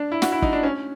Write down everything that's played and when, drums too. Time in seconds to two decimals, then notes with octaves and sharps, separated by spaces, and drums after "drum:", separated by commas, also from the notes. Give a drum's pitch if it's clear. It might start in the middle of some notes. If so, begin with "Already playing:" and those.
Already playing: D4
0.12 E4
0.22 F#4, drum: snare
0.32 E4
0.42 D#4, drum: kick
0.53 D4
0.63 C#4